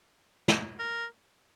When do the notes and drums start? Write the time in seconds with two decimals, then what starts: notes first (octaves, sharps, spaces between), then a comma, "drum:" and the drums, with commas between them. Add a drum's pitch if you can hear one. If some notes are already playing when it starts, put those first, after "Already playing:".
0.48 drum: snare
0.79 A#4